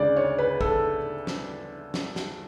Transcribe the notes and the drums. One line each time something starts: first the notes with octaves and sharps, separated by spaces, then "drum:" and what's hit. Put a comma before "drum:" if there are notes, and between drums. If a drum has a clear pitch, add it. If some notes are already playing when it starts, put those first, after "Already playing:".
Already playing: D2 C#3 G#3 D5
C#5
B4
A4, drum: kick
drum: snare
drum: snare
drum: snare